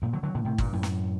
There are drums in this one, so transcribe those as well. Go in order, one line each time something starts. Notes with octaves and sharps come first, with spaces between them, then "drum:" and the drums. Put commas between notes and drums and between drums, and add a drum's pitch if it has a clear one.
G2 A#2
D3 F#3
D3 F#3
A#2 D3
A2 C3
G2 A#2, drum: kick G#1
F#2 A2
drum: snare